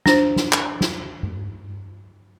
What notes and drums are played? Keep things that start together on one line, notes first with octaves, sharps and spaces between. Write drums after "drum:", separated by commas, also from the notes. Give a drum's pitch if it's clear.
D4 C5, drum: snare
drum: snare
drum: clap
drum: snare
drum: tom G2